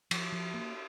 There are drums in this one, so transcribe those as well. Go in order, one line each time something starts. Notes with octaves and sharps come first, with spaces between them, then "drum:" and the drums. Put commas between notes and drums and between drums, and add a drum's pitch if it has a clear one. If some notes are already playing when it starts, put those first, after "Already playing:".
F3, drum: cymbal
F3
A#3